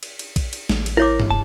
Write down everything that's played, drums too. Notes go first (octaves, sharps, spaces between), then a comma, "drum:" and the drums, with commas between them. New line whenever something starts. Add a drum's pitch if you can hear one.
drum: cymbal
drum: cymbal
drum: kick A#1, cymbal
drum: cymbal
A1, drum: snare
drum: cymbal
E4 A#4 C#5 D6
drum: tom G2
F1 A5